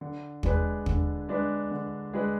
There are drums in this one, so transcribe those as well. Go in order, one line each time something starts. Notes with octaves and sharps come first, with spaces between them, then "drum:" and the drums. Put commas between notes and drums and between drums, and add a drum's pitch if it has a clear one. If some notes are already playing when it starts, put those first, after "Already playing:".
D3
G#3 D4 G#4 B4, drum: kick
D3, drum: kick
G#3 D4 G#4 B4
D3
G#3 D4 G#4 B4